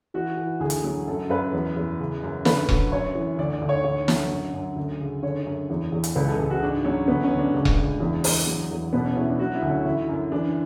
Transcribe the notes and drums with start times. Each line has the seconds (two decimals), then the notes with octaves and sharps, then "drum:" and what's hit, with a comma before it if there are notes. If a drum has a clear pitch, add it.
0.14 E3 F#4
0.37 E3
0.60 D2 G#4
0.70 drum: hi-hat
0.84 F#3
1.07 F#2 A4
1.29 F#2 B4
1.53 E2
1.76 E2
2.00 C#3
2.23 F#2
2.45 D3 B4, drum: snare
2.69 F#3, drum: kick E1
2.92 F#2 C#5
3.15 E3
3.38 D2 D5
3.53 D5
3.61 D2
3.69 C#5
3.84 D3 C#5
4.08 F#3, drum: snare
4.31 F#2
4.54 F#2
4.76 D2
5.00 C#3
5.23 D3 C#5
5.46 F#2
5.70 E2
5.92 E2
6.04 drum: hi-hat
6.15 C#2 B4
6.27 A4
6.39 C#2 G#4
6.50 F#4
6.62 G#2 D4
6.84 F#3 C#4
7.07 D2 B3
7.23 C#4
7.31 D2
7.39 D4
7.54 C#2 D4
7.65 drum: kick E1
7.77 C#2
8.00 E2
8.24 E2, drum: open hi-hat
8.47 F#3
8.70 E2
8.93 B2 B3
9.04 C#4
9.16 E2 E4
9.28 D4
9.39 F#3 F#4
9.55 E4
9.62 D2
9.70 C#4
9.85 D3 E4
10.09 F#2
10.32 E3 D4